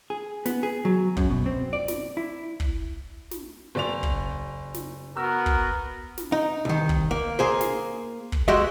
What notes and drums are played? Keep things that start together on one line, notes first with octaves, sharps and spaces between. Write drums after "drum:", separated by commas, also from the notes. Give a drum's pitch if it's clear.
G#4
B3, drum: snare
G#4
F#3
F#2, drum: kick
B2
C4
D5
drum: snare
E4
drum: kick
drum: snare
F#1 D5 F7
drum: kick
drum: snare
B3 F#4 A#4 E6
drum: kick
drum: snare
D#4
C2 D#3
drum: kick
A#3
A#3 G#4 C5
drum: snare
drum: kick
G#3 F#4 G4 D#5 E5